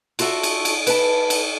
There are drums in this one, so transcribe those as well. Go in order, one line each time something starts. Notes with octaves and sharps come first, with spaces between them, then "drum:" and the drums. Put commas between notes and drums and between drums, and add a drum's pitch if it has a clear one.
F4 F#4 A4 E5, drum: cymbal
drum: cymbal
drum: cymbal
B4 A5, drum: cymbal
drum: cymbal